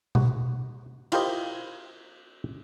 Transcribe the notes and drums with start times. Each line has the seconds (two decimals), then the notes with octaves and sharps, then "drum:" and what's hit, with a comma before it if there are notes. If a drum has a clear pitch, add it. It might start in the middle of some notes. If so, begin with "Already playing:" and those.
0.15 F#4, drum: tom B2
1.12 E4 F4 G4 A#4 C5 D#5, drum: cymbal